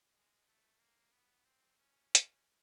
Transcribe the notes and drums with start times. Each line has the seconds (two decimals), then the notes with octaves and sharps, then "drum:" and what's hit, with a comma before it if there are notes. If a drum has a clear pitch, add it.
0.14 G#3
0.47 A3
0.79 A#3
1.12 B3
1.45 C4
1.78 C#4
2.15 drum: hi-hat